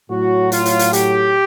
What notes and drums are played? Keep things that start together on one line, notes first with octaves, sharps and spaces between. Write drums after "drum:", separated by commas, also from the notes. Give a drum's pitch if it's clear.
A2 F#3 F#4
F4, drum: hi-hat
drum: hi-hat
drum: hi-hat
G4, drum: hi-hat